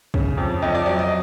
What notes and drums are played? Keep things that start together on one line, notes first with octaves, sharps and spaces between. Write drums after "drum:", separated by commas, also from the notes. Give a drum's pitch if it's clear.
C#3, drum: kick
F2
F2 D#5
D5
F#3 D5
D#5